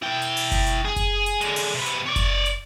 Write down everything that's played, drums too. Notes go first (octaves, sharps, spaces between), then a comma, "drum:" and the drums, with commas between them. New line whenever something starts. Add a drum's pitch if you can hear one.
E4 G5
drum: hi-hat
drum: open hi-hat
drum: kick F#1, hi-hat
drum: hi-hat
G#4
drum: kick F#1, hi-hat
drum: hi-hat
D3 G#3, drum: hi-hat
drum: open hi-hat
C3 B3
drum: hi-hat
C#5 D5
drum: kick F#1, hi-hat
drum: hi-hat